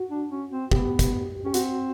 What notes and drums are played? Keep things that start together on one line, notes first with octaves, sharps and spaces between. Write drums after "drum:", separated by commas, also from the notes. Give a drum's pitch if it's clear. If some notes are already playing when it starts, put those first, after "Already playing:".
Already playing: F#4
D4
C#4
C4
B3 G4, drum: kick
drum: kick, hi-hat
C#4 G4
C4 F#4, drum: hi-hat